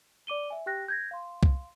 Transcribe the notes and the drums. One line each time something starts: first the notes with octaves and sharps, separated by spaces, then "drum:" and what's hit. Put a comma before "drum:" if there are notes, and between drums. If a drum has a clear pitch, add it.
D5 D6 D#7 G7
E5 G#5
G4 G5 F#6 A#6
G6 G#6 A#6
F5 C6
drum: kick C2